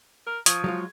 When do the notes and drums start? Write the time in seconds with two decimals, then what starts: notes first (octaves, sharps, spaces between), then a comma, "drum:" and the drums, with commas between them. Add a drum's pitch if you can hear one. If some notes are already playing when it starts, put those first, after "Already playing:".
0.27 A#4
0.46 F3 C#6 D#6 G#6, drum: hi-hat
0.64 F#3 G#3 F4